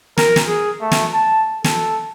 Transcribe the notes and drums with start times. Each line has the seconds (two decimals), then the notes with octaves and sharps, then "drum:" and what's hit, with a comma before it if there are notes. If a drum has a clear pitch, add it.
0.17 A#4, drum: snare
0.36 drum: snare
0.47 G#4
0.81 A3
0.92 drum: snare
1.12 A5
1.64 A4, drum: snare